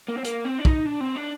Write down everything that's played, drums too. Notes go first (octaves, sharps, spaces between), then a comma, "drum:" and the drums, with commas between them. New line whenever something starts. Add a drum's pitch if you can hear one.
A#3
C4
A#3, drum: hi-hat
C4
D4
D#4, drum: kick
D4
C4
D4